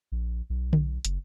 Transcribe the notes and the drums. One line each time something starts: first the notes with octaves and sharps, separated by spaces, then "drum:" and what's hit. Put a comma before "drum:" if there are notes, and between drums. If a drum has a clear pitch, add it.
A#1
B1
drum: tom D3
F#1, drum: hi-hat